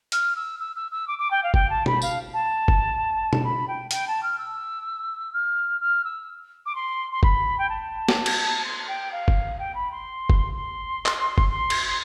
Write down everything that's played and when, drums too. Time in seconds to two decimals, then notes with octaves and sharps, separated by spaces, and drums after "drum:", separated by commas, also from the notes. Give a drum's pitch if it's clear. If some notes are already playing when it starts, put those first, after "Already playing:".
0.12 F6, drum: hi-hat
0.36 E6
0.59 E6
0.76 E6
0.91 E6
1.07 D6
1.18 D6
1.30 G5
1.43 F5
1.54 G5, drum: kick F#1
1.69 A5
1.86 B5, drum: tom B2
2.02 F5, drum: tambourine
2.33 A5
2.68 drum: kick F#1
3.33 drum: tom B2
3.43 B5
3.68 G5
3.91 G5, drum: hi-hat
4.07 A5
4.23 F6
4.38 E6
5.33 F6
5.80 F6
6.04 E6
6.66 D6
6.75 C6
7.11 C6
7.23 B5, drum: kick F#1
7.58 G5
7.69 A5
8.09 drum: snare
8.26 drum: cymbal
8.64 C6
8.87 G5
9.12 F5
9.28 drum: kick F#1
9.59 G5
9.74 B5
9.91 C6
10.30 drum: kick F#1
10.54 C6
11.06 drum: clap
11.38 drum: kick F#1
11.48 C6
11.70 drum: cymbal
11.87 C6